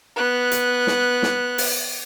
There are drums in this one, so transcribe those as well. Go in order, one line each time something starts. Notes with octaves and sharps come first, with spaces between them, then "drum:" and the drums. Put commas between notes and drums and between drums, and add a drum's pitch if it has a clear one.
B3 F#6
drum: hi-hat
drum: snare
drum: snare
drum: open hi-hat